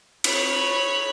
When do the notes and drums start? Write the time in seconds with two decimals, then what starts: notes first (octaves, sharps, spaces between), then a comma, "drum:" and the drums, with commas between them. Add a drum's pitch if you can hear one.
0.24 C#5 B5, drum: cymbal